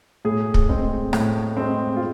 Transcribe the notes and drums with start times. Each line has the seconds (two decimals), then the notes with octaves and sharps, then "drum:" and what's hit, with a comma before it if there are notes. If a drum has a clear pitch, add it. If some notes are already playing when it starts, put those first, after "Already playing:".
0.25 A2 G#4
0.54 drum: kick
0.69 G#3 C4
1.13 A2, drum: rim click
1.57 G#3 C4
1.96 F4